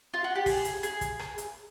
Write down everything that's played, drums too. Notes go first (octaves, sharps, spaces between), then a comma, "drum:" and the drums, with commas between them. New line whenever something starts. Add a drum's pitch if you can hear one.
F4
F#4
G4
G#4, drum: kick, open hi-hat
drum: hi-hat
G#4, drum: hi-hat
drum: kick, hi-hat
drum: rim click
drum: hi-hat